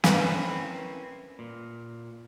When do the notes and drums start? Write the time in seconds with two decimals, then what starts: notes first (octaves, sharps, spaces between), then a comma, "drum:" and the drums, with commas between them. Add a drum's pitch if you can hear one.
0.04 C4 C#4 E4 A#4 B4, drum: snare
1.39 A#2